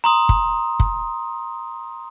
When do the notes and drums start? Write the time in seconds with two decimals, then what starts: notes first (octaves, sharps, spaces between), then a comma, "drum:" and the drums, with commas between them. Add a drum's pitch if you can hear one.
0.04 A#5 C6 D#6
0.29 drum: kick
0.80 drum: kick